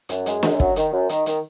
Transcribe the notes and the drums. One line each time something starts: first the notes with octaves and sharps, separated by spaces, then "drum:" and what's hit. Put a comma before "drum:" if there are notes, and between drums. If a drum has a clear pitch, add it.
F#2, drum: hi-hat
G#3, drum: hi-hat
F#2, drum: snare
F#3, drum: kick
D#3, drum: hi-hat
F#2
D#3, drum: hi-hat
D#3, drum: hi-hat